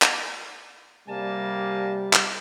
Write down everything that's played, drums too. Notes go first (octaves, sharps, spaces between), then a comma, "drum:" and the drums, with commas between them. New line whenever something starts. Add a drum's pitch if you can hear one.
drum: clap
C3 G3 A#3 G#5 A5
drum: clap